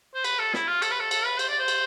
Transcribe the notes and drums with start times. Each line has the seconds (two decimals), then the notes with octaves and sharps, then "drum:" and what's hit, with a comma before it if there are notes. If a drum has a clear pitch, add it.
0.14 C5
0.24 B4, drum: cymbal
0.39 A4
0.54 E4, drum: snare
0.68 F4
0.82 A4, drum: cymbal
0.91 B4
0.99 A4
1.11 A4, drum: cymbal
1.25 B4
1.39 C5, drum: cymbal
1.49 D5
1.59 C5
1.68 drum: cymbal